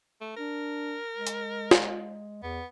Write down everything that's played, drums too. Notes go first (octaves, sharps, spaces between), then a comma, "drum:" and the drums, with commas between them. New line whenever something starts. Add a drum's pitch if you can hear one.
A3
D4 A#4
G#3
drum: hi-hat
drum: snare
E2 B3